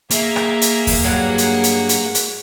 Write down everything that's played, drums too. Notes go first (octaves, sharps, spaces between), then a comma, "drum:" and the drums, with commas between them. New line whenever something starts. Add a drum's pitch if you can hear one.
A#3 G#4 E5, drum: hi-hat
drum: rim click
drum: hi-hat
drum: kick D#2, open hi-hat
G2 F#3 G#4 F#5
drum: hi-hat
drum: hi-hat
drum: hi-hat
drum: hi-hat